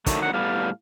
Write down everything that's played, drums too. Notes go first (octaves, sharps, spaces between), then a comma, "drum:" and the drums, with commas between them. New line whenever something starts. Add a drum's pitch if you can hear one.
D3 D#3 F#3 A3, drum: kick, hi-hat
F#5
A2 G3 B3 F5